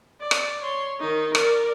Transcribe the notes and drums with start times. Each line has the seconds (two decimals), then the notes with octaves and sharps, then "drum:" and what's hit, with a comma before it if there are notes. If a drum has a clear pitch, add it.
0.20 D5
0.31 drum: rim click
0.61 C#5 C6
1.00 D#3 D#4
1.35 A#4 D5, drum: rim click